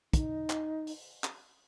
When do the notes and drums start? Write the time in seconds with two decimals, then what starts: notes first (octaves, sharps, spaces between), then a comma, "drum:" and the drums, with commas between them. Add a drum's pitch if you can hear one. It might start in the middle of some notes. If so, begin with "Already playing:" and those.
0.13 D#4, drum: kick, hi-hat
0.50 drum: clap
0.87 drum: open hi-hat
1.24 drum: clap